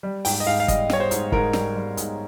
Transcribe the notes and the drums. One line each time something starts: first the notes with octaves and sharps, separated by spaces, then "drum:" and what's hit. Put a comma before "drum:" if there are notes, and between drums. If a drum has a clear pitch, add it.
G3
G#2 G5, drum: open hi-hat
D#5
G#2 F5
F5
G3 D#5, drum: kick, hi-hat
G3 C#5, drum: snare
C5
G#2, drum: hi-hat
G#2 A#4, drum: kick
G3, drum: snare
G3
G#2, drum: hi-hat